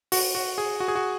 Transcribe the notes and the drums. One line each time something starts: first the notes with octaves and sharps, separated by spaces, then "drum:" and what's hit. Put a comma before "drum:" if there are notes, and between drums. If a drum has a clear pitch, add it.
F#4, drum: open hi-hat
F#4
G#4
F#4
G#4
F#4